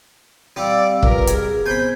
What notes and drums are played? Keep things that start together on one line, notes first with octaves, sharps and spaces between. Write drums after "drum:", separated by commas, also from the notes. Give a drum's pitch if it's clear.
G3 C4 D5 F5 E6
F4 A#4 B4, drum: kick
G#4, drum: hi-hat
B3 C4 C5 G#5 B5 G6